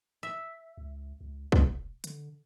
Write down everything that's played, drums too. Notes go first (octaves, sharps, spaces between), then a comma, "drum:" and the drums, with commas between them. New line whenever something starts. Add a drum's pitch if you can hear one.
E5
C#2
C#2
E1, drum: kick
D3, drum: hi-hat